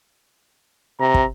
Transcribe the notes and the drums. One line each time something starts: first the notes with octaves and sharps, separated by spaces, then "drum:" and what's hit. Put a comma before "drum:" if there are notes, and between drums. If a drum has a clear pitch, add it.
C3 A#5
drum: kick